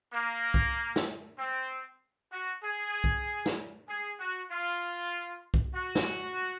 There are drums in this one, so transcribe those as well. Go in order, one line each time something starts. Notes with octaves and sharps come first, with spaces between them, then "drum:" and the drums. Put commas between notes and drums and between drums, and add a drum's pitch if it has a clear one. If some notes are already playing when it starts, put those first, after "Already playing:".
A#3
drum: kick C2
drum: snare
C4
F#4
G#4
drum: kick C2
drum: snare
G#4
F#4
F4
drum: kick C2
F#4
drum: snare